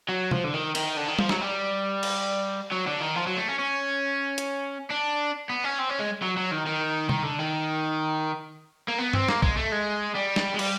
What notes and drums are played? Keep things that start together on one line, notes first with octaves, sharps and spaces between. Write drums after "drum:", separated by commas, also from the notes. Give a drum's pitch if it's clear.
F#3
F3, drum: tom C3
D3
D#3
D#3, drum: cymbal
D3
D#3
F3, drum: tom
F#3, drum: snare
G3
drum: cymbal
F#3
D3
D#3
F3
F#3
A3
C#4
C#4
drum: hi-hat
D4
B3
C#4
C4
C#4
G#3
F#3
F#3
D#3
D#3
D#3, drum: tom C3
D3
D#3
A#3
B3
C4, drum: tom G2
A#3, drum: snare
G#3, drum: kick
A3
G#3
G3
drum: snare
G#3
G3, drum: cymbal